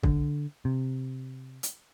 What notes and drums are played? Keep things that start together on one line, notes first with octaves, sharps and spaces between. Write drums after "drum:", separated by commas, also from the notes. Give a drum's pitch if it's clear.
D3, drum: kick
C3
drum: hi-hat